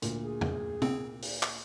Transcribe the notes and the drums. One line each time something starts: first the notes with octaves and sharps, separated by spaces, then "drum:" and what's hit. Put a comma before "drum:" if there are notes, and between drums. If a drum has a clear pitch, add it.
D2 A#2, drum: hi-hat
G#4
drum: tom E2
C4, drum: tom
drum: open hi-hat
drum: clap